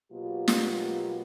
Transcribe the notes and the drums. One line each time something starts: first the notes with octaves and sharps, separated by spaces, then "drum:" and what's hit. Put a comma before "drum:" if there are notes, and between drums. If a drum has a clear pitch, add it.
B2 F#3 A#3 F4 G4
drum: snare